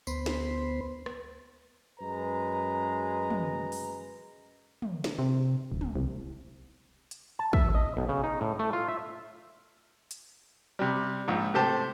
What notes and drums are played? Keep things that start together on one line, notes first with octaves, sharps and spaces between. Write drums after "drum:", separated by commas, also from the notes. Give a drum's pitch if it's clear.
D2 B3 C5 B5 C6, drum: tambourine
drum: snare
drum: rim click
F#2 G#3 B4 A#5
drum: tom
drum: open hi-hat
drum: tom
drum: snare
C3
D1
drum: tom
C2
drum: hi-hat
A5
E5, drum: kick
D#5
B1
C#3
D#4
A2
A3
F4
E5
drum: hi-hat
C3 G3
A#1 G#2
C3 A3 G4 C5 A5